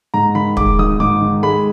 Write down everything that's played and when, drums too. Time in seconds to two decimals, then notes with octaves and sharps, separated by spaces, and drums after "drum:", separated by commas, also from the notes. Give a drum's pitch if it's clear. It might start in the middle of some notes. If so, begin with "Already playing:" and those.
0.14 G#2 A#5
0.35 D#3 B5
0.57 G#3 D6, drum: kick
0.79 G#1 D#6
1.00 G#2 D6
1.21 D#3
1.43 G#3 B5